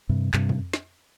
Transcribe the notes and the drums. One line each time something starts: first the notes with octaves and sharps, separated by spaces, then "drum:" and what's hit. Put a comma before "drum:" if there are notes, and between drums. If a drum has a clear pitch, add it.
G2 C3
G2 C3, drum: clap
drum: tom F2
drum: snare